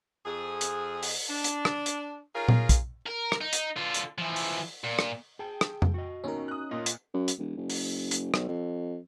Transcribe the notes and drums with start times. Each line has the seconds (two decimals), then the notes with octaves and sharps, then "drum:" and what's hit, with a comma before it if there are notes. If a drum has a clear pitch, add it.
0.26 F2 G#4
0.61 drum: hi-hat
1.03 drum: open hi-hat
1.29 D4
1.44 drum: hi-hat
1.65 drum: rim click
1.86 drum: hi-hat
2.35 D#4 F4 G#4 A#4 C#5 F5
2.49 drum: tom A#2
2.69 drum: kick, hi-hat
3.06 A#4
3.32 drum: rim click
3.41 D#4
3.53 drum: hi-hat
3.76 D3 F4
3.94 drum: hi-hat
4.18 E3 F3
4.36 drum: open hi-hat
4.84 A#2
4.99 drum: rim click
5.39 G#4 G5 A5
5.61 drum: rim click
5.82 drum: tom F2
5.94 F#4 D#5
6.24 D#2 B2 C#4 D#4 A#4
6.48 D#6 F#6
6.71 A#2 F4 D#5
6.86 drum: hi-hat
7.14 F#2
7.28 drum: hi-hat
7.39 E1
7.57 F#1
7.70 drum: open hi-hat
8.11 drum: hi-hat
8.34 B1, drum: rim click
8.49 F2